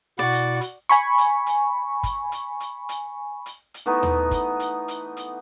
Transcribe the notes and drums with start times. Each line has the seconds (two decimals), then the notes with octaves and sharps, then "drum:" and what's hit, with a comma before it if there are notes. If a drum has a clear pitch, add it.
0.19 B2 E4 F#4 D5 A6
0.33 drum: hi-hat
0.61 drum: hi-hat
0.89 G#5 B5 C#6, drum: hi-hat
1.18 drum: hi-hat
1.46 drum: hi-hat
2.03 drum: kick, hi-hat
2.32 drum: hi-hat
2.60 drum: hi-hat
2.89 drum: hi-hat
3.46 drum: hi-hat
3.74 drum: hi-hat
3.86 E3 A3 B3 D#4
4.03 drum: tom D#2
4.31 drum: kick, hi-hat
4.60 drum: hi-hat
4.88 drum: hi-hat
5.17 drum: hi-hat